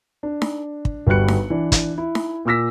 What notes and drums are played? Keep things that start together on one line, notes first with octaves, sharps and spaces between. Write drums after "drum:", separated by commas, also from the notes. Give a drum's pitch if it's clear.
D4
drum: snare D#4
drum: kick
G1 G3 F#4 B4 F#6 C#7
drum: snare D#4
E3 D4
drum: kick, hi-hat
E4
drum: snare D#4
A#2 F4 D6 E6 A#6 B6